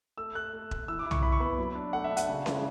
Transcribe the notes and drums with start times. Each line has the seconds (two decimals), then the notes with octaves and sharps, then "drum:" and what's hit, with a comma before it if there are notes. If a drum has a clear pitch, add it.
0.18 A3 E6
0.35 A3 F#6
0.53 A3
0.71 A3, drum: kick E1
0.88 E3 E6
0.99 D6
1.06 E4
1.11 C#6, drum: tom
1.23 E3 B5
1.32 C#6
1.40 B3 B5
1.58 F#3
1.75 D4
1.93 A3 F#5
2.04 E5
2.11 D4
2.17 F#5, drum: hi-hat
2.28 C#3
2.46 E4, drum: snare C#4